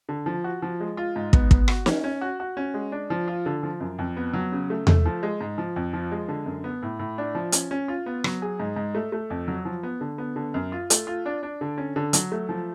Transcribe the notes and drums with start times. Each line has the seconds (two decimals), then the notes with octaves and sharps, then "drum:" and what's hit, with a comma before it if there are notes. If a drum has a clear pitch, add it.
0.09 D3
0.26 F3
0.44 F#4
0.62 F3
0.80 G#3
0.97 F4
1.16 G#2
1.33 B3, drum: kick
1.51 B3, drum: kick
1.68 F#4, drum: rim click
1.86 C#4, drum: snare
2.04 C#4
2.21 F#4
2.40 F#4
2.57 C#4
2.74 G#3
2.92 D4
3.10 F3
3.28 F4
3.46 D3
3.63 F3
3.80 F#2
3.98 F2
4.17 B3
4.33 F#3
4.52 C#3
4.70 A3
4.87 A3, drum: tom E2
5.05 F3
5.23 G#3
5.41 G#2
5.58 F3
5.76 F2
5.93 F3
6.12 G#3
6.28 D3
6.46 F#2
6.64 B3
6.82 A2
6.99 A2
7.18 D4
7.35 F3
7.52 C#4, drum: hi-hat
7.71 C#4
7.88 F4
8.06 B3
8.24 F#3, drum: rim click
8.42 G#4
8.60 G#2
8.76 G#2
8.95 A3
9.12 A3
9.30 F2
9.48 F#3
9.65 F3
9.83 B3
10.01 D3
10.18 B3
10.36 D3
10.54 F#2
10.72 F4
10.90 A3, drum: hi-hat
11.07 F4
11.26 D4
11.43 D4
11.61 D3
11.78 C#4
11.96 D3
12.13 F#3, drum: hi-hat
12.32 A3
12.49 F3